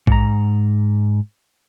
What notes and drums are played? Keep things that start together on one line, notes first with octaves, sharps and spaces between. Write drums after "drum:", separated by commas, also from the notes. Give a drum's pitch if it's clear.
G#2 A#5, drum: kick A#1